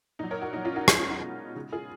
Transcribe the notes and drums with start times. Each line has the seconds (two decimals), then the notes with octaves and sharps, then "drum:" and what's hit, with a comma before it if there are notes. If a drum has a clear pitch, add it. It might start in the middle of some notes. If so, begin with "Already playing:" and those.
0.19 A#2 F#3 D#4
0.31 A#4 C#5
0.41 F#4 A#4
0.53 A#2 F#3 D#4
0.65 C#4 F4
0.76 D#4 F#4
0.88 B2 G#3 D#4, drum: rim click
0.98 C#4 F4
1.10 D#4 F#4
1.21 B2 G#3
1.56 C#3 G#3
1.72 F4 G#4